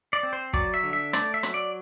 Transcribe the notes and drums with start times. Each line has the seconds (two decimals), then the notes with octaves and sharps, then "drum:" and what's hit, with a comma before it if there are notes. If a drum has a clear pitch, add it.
0.13 D5
0.23 C4
0.33 C5
0.53 F#3 D5, drum: kick
0.74 E5
0.83 D3
0.93 E5
1.13 A3 D5, drum: rim click
1.34 E5
1.43 F#3, drum: rim click
1.54 D5